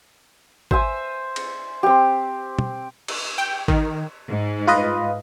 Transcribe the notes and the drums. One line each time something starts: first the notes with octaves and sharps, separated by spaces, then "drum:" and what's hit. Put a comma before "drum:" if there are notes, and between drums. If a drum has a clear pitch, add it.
C5 E5 G#5, drum: kick G#1
drum: cymbal
C4 G4
drum: tom
drum: cymbal
G5
D#3, drum: kick G#1
G#2
F4 B4 D#5